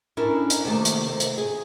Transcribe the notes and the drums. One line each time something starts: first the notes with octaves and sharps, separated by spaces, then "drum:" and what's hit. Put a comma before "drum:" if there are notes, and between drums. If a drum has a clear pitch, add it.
C#4 D4 E4 A4 A#4
drum: hi-hat
C3 D#3 A3 A#3
drum: hi-hat
C4
drum: hi-hat
G#4